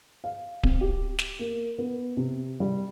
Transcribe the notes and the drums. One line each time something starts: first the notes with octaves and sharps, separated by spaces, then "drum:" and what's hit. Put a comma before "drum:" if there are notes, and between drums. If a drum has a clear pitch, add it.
F5
C4, drum: kick D1
G4
drum: snare
A#3
B3
C3
G3